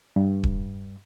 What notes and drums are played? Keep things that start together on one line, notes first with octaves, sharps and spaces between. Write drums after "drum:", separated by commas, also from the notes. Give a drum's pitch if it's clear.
G2
drum: kick D#1